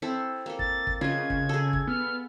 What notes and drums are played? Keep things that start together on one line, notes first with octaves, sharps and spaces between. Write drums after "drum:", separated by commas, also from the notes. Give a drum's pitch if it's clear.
C4 E4 A4
A#3 A4
A6, drum: kick
drum: kick
C#3 F4 D#5 G#6
drum: kick
G#4 A4
drum: kick
B3 F6